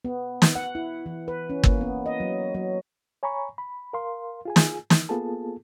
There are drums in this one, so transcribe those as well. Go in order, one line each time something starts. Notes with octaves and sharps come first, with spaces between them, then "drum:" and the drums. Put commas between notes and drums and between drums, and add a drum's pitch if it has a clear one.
B3
drum: snare
F#5
E4
E3
B4
C#4
A#3, drum: kick
B3
D#5
F#3
F#3
C#5 G#5 A#5 B5 C#6
B5
A#4 F5 C6
F4 G#4 G#5
drum: snare
E3, drum: snare
A#3 B3 F4 G#4 A4 A5